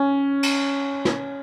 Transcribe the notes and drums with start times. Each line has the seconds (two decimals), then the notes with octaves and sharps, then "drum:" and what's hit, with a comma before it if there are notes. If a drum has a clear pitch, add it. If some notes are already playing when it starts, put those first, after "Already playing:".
Already playing: C#4
0.43 drum: cymbal
1.05 drum: snare